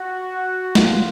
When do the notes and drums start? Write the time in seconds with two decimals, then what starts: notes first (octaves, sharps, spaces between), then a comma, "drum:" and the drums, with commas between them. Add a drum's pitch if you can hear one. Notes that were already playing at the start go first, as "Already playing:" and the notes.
Already playing: F#4
0.75 F4, drum: snare